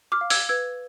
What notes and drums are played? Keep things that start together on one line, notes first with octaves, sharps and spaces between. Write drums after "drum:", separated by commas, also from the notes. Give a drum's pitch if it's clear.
D6 F6
F5
E6 G#6, drum: open hi-hat
B4 E6 G#6